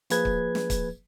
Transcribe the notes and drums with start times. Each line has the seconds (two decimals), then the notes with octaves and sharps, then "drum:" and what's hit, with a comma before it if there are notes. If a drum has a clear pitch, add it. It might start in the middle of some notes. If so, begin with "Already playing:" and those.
0.10 F3 A#3 G#4 B4 G#6, drum: hi-hat
0.25 drum: kick
0.55 drum: snare
0.70 drum: kick, hi-hat